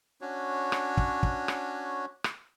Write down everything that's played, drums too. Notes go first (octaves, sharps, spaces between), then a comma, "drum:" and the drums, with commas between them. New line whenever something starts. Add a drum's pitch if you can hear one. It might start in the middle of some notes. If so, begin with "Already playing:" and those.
C#4 D4 F#4 C#5
drum: rim click
drum: kick
drum: kick
drum: rim click
drum: rim click